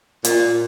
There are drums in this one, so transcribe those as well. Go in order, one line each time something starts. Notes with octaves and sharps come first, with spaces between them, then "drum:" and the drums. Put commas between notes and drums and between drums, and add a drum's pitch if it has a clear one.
A#2, drum: hi-hat